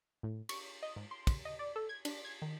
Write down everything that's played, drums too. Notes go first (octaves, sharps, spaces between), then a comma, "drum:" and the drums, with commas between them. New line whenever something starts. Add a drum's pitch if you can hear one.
A2
C#6, drum: cymbal
D#5
G#2
C6
drum: kick, cymbal
D#5
D5
A4
G#6
D4, drum: cymbal
G#6
D#3